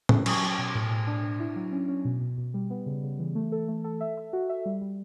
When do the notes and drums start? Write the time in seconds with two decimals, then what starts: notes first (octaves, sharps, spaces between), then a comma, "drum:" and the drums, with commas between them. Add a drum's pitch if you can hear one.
0.09 C#4, drum: tom
0.26 F#3, drum: cymbal
0.42 F#3
0.58 B2
0.75 A2
0.91 A2
1.07 D4
1.23 D4
1.40 E4
1.56 F#3
1.72 C#4
1.89 C#4
2.05 B2
2.21 B2
2.37 B2
2.54 G3
2.70 B3
2.86 C#3
3.03 C#3
3.19 E3
3.35 A3
3.52 A4
3.68 A3
3.84 A4
4.00 E5
4.17 E5
4.33 F#4
4.49 E5
4.66 G3
4.82 G3